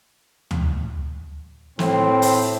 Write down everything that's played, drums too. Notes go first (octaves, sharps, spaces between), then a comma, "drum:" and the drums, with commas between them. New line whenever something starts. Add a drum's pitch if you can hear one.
drum: tom
A2 C4, drum: snare
drum: open hi-hat